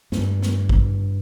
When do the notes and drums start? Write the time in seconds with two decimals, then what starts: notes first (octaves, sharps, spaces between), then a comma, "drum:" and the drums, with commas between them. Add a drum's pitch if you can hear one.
0.12 G2, drum: snare
0.42 drum: snare
0.69 drum: kick